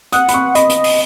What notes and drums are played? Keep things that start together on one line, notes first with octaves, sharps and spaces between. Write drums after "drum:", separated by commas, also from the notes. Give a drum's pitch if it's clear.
F#5 D#6, drum: hi-hat
B5, drum: hi-hat
C#6
D#5 B5, drum: hi-hat
drum: hi-hat
drum: open hi-hat